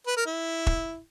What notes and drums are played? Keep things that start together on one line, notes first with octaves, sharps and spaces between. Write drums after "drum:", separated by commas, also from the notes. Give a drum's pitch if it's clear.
B4
A#4
E4
drum: kick E1